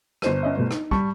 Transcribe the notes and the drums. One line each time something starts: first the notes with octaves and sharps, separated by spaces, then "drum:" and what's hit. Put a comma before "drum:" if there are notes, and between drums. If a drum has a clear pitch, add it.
G1 C5 D#7, drum: rim click
C#4 D#5 E5
G2 B2 A3
D#4, drum: rim click
G3 A5 C#6, drum: kick